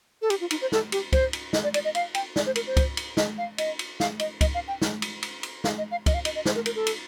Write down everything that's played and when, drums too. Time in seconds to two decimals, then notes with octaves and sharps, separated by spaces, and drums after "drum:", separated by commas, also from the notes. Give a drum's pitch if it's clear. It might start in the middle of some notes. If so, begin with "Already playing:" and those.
0.22 A4
0.30 G4, drum: cymbal
0.41 F4
0.51 D#4, drum: cymbal
0.61 C5
0.72 A4, drum: snare
0.92 G4, drum: cymbal
1.13 C5, drum: kick C#2, cymbal
1.33 drum: cymbal
1.53 D#5, drum: snare
1.64 D5
1.74 D5, drum: cymbal
1.85 D#5
1.95 F5, drum: cymbal
2.15 G5, drum: cymbal
2.36 D5, drum: snare
2.46 C5
2.55 A#4, drum: cymbal
2.67 C5
2.77 drum: kick C#2, cymbal
2.97 drum: cymbal
3.17 D#5, drum: snare
3.38 F5
3.58 D#5, drum: cymbal
3.79 drum: cymbal
4.00 F5, drum: snare
4.19 D#5, drum: cymbal
4.41 D#5, drum: kick C#2, cymbal
4.55 F5
4.68 G5
4.82 drum: snare
5.02 drum: cymbal
5.23 drum: cymbal
5.43 drum: cymbal
5.64 F5, drum: snare
5.78 D#5
5.91 F5
6.06 D#5, drum: kick C#2, cymbal
6.14 F5
6.25 D#5, drum: cymbal
6.35 D#5
6.46 C5, drum: snare
6.55 A#4
6.66 A#4, drum: cymbal
6.76 A4
6.87 drum: cymbal